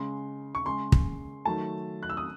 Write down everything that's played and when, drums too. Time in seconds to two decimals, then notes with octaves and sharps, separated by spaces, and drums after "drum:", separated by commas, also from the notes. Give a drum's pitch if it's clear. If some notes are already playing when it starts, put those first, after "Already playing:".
Already playing: C#3 G#3 C6
0.55 C#6
0.66 C#3 G#3 C6
0.92 drum: kick
1.45 D#3 F#3 A3 A5
2.03 F#6
2.10 E6
2.17 D#6